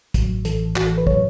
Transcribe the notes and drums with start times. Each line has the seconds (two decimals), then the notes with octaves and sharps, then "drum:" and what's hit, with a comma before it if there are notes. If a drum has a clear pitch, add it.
0.14 A1 A2 F#3, drum: kick, hi-hat
0.45 A1 A2 E3 A4, drum: hi-hat
0.76 A1 A2 E3 F#4, drum: clap
0.87 A4
0.98 B4
1.07 A2 F#3 C#5, drum: kick